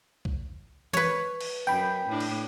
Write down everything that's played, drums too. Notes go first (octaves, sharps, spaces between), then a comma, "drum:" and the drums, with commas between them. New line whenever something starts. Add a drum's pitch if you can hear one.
drum: kick
B4 C#5, drum: tom E3
drum: cymbal
F#2 G5 B5
A2 D4
drum: cymbal